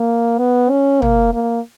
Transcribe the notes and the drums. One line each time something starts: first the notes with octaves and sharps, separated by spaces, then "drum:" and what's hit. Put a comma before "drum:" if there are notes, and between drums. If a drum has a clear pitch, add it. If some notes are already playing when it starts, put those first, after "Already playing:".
Already playing: A#3
B3
C#4
A#3, drum: tom
A#3